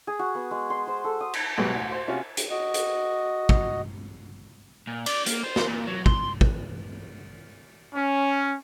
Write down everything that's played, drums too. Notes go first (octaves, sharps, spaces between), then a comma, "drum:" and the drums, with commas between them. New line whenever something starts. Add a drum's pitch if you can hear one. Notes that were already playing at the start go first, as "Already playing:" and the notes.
G#4
F#4
B3
G#3
C6
C5
A4
D#6
drum: cymbal
B1 G#2 G#3 G4 B4
A1 D2
C5
C3 C#4 F4 F#4
drum: hi-hat
F#4 D#5
drum: hi-hat
drum: kick
A#2
D5, drum: cymbal
A#3, drum: hi-hat
C5
drum: snare
A#2
F#3
C6, drum: kick
drum: kick
C#4